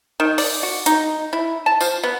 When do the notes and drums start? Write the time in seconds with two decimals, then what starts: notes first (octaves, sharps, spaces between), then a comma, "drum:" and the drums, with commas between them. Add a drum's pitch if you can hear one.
0.20 D#3
0.38 D5, drum: open hi-hat
0.63 F#4
0.86 D#4, drum: hi-hat
1.33 E4
1.66 A5
1.81 F3, drum: tambourine
2.03 B3